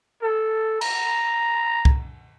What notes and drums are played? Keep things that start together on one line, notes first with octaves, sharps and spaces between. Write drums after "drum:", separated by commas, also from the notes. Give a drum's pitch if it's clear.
A4
A#5, drum: cymbal
drum: kick C2